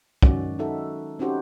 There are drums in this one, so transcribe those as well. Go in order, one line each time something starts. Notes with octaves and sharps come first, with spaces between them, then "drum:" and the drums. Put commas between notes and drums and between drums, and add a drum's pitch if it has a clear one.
D#3 F#3 G#3 C#4 F#4 D5, drum: kick
D#4 F#4 A4 E5
C4 C#4 D#4 F#4 G4 C5